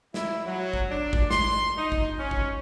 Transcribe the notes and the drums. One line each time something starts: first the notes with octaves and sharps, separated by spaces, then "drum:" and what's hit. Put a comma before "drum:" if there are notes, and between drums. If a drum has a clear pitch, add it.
E4, drum: snare
F#3
drum: kick G#1
D4
drum: kick G#1
C6, drum: snare
D#4
drum: kick G#1
C#4
drum: kick G#1